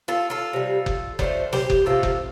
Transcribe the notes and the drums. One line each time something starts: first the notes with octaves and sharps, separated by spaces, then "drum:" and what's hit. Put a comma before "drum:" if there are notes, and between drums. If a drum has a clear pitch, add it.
F4 A4
F4 A4
C3 G3
drum: kick F#1
D3 F3 A3 G4 C5, drum: kick F#1
G4 C5, drum: snare
drum: kick F#1
C3 F3 A3 F4 A4
drum: kick F#1